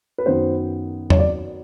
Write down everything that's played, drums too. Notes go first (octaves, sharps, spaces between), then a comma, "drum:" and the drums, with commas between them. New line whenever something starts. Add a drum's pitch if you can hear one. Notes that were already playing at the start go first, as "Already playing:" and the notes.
B4
F#2 D#3 F#3 B3 C5
C#5, drum: tom E2
D5